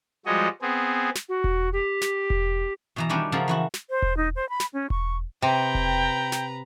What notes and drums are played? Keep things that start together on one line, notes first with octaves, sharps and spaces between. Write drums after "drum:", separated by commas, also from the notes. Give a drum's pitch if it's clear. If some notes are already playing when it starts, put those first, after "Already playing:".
F3 G3 G#3 F#4 C#5 D#5
B3 C4 G#4
drum: snare
F#4
drum: kick E1
G4
drum: snare
drum: kick E1
B2 E3 A#5
D#3 G3 C#4 D4 E4
C#3 F3 F#4 A4 A#4
E3 E4 F#4
drum: snare
C5
drum: kick E1
D#4
C5
B5
drum: snare
C#4
C#6, drum: kick E1
C3 B4 G5 A#5
drum: kick E1
drum: snare